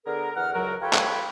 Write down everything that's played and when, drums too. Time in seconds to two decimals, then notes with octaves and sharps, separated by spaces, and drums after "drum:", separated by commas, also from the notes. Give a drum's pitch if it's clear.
0.06 D3 B3 G#4 A#4
0.36 E2 F#5 F6
0.53 C#2 F#2 F#3 F#4 A#4
0.81 F4 G4 A4 B4 C#5 G5
0.93 drum: clap